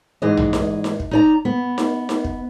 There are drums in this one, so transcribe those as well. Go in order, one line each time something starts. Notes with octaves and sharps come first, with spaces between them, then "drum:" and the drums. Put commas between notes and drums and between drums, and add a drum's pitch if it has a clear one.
G#2 E3 G#4 D5 D#5
drum: tom
drum: snare D#4
drum: snare D#4
drum: kick
D#4 D5 A#5
B3
drum: snare D#4
drum: snare D#4
drum: kick